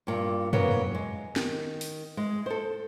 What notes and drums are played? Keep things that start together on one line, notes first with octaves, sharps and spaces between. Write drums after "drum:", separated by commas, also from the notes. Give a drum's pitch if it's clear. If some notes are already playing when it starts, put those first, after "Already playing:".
G2 A#2
C#3 F#3 A#3 B3, drum: tom
drum: tom
G#3
D#3, drum: snare B3
drum: open hi-hat
G#3
A4 C5